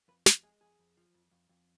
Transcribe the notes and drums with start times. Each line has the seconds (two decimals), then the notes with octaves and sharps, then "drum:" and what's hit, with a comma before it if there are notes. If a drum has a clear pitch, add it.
0.08 F2 B4
0.26 F2 A#4, drum: snare
0.43 G#3 G#4
0.61 F2 G#4
0.79 F2
0.97 F3
1.14 F2
1.32 F2
1.49 F2